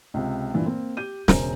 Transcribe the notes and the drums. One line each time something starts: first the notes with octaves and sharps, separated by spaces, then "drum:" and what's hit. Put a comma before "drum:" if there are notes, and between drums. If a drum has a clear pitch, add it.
C#2 C3
G2 A#2 E3
A#3 C4
G4 G6 D#7
E1 C#3 A#4 C5 G#5 A#5, drum: snare